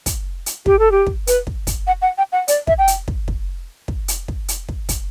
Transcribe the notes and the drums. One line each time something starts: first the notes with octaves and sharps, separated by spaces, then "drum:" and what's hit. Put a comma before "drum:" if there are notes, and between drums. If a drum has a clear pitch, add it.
drum: kick, hi-hat
drum: hi-hat
G4, drum: kick
A4
G4
drum: kick
B4, drum: hi-hat
drum: kick
drum: kick, hi-hat
F#5
F#5
G5
F#5
D5, drum: hi-hat
E5, drum: kick
G5
drum: hi-hat
drum: kick
drum: kick
drum: kick
drum: hi-hat
drum: kick
drum: hi-hat
drum: kick
drum: kick, hi-hat